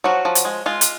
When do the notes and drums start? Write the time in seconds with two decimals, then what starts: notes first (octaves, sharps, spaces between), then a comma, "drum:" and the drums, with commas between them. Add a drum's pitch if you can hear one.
0.04 F3 F#3 F#4
0.25 F3
0.35 drum: hi-hat
0.45 G#3
0.66 G#3 F4
0.81 drum: hi-hat